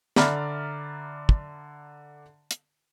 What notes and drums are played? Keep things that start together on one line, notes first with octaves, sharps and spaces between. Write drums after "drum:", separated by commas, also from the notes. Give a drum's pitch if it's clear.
D3 D5 E5 A#5 B5 F6, drum: snare
drum: kick
drum: hi-hat